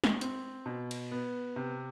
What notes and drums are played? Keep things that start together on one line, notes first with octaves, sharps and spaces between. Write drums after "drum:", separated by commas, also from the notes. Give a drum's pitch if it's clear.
drum: snare
C4, drum: hi-hat
B2
drum: cymbal
B3
C3